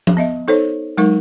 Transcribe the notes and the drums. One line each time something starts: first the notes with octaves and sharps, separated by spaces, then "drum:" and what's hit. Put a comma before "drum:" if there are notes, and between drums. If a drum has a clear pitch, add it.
drum: tom F3
B3 D#5 E5
D#4 A4 C5 C#5
F#3 G#3 D#4 A#4 C#6